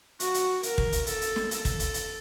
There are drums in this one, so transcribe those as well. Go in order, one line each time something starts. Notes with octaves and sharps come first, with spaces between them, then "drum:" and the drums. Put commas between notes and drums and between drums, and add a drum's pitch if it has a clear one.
F#4, drum: hi-hat
drum: hi-hat
A#4, drum: hi-hat
drum: kick
drum: hi-hat
A4, drum: hi-hat
drum: hi-hat
drum: snare
A4, drum: hi-hat
drum: kick, hi-hat
drum: hi-hat
drum: hi-hat